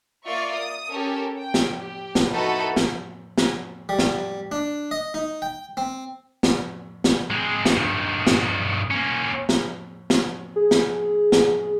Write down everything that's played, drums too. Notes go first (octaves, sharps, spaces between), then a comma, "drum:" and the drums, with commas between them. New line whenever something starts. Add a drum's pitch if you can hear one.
A#3 F4 D5 E5 C#6
D#6
C#4 G4 A4 A#4
G5
drum: snare
G4
drum: snare
B3 D#4 E4 F#4 A4 B4
drum: snare
drum: snare
G3
drum: snare
D4
D#5
D#4
G5
C4
drum: snare
drum: snare
G#3 C4
drum: snare
G2 D#3
drum: snare
A#3 C#4
drum: snare
drum: snare
G#4
drum: snare
drum: snare